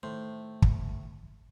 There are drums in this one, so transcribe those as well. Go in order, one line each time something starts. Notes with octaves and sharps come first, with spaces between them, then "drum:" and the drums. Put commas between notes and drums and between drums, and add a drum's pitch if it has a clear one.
A2 D#3 A3 C5
drum: kick